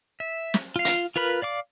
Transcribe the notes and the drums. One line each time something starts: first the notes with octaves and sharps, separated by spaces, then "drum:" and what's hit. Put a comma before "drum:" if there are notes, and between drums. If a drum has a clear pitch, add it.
E5
drum: snare
F4 F5
drum: hi-hat
F4 A#4 B4 B5
D5 F5 D6